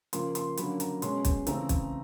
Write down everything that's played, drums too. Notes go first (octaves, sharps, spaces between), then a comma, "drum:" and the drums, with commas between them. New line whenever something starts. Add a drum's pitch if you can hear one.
C#3 F3 A#3 C6, drum: hi-hat
C6, drum: hi-hat
D3 F#3 A#3 C#4 B5, drum: hi-hat
A#5, drum: hi-hat
B2 G#3 C#4 C6, drum: hi-hat
drum: kick, hi-hat
C#3 E3 A3 C4 A#5, drum: hi-hat
drum: kick, hi-hat